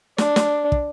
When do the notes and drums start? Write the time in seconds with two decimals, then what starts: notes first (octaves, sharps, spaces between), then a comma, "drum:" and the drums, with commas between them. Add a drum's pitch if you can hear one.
0.18 D4, drum: snare
0.36 drum: snare
0.72 drum: kick